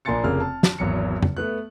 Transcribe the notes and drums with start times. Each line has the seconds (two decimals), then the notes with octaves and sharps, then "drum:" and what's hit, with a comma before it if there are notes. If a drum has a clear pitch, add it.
0.05 A#1 A#3 G#5 C6 A6 C#7
0.24 F1 C#3 A#3 F6
0.40 A5
0.63 drum: snare
0.78 G#1 E2 F#3 C#7
1.23 drum: tom F2
1.37 A3 B3 F#6